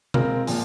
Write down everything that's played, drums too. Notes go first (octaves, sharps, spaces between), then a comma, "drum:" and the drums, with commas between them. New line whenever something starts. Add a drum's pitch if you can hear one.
G#3 C4 F4 A#4, drum: tom B2
A#2 F3 G#3, drum: open hi-hat